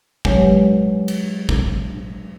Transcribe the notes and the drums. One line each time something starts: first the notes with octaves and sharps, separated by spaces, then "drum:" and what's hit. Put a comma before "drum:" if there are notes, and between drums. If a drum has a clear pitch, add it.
F#3 G#3 G4 B4 C#5, drum: kick
drum: cymbal
drum: kick